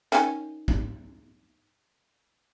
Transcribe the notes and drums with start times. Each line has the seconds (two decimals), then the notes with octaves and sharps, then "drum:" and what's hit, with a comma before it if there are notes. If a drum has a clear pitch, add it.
0.12 D#3 C#4, drum: hi-hat
0.68 drum: kick